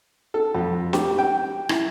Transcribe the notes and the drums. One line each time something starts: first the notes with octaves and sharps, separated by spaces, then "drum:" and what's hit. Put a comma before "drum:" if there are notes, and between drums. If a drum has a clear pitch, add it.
A4
F2
G4, drum: snare
G5
E4, drum: rim click